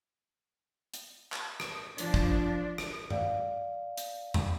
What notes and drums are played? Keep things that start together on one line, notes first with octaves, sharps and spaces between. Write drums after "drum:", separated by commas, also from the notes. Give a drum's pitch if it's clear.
drum: hi-hat
drum: clap
drum: rim click
F3 D4, drum: hi-hat
drum: kick
drum: rim click
D5 F5, drum: tom G2
drum: hi-hat
drum: tom E2